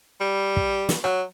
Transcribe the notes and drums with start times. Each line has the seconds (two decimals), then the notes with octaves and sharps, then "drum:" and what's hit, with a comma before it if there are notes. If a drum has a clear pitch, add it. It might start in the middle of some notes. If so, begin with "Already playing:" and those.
0.21 G3
0.57 drum: kick
0.89 drum: snare
1.04 F#3, drum: rim click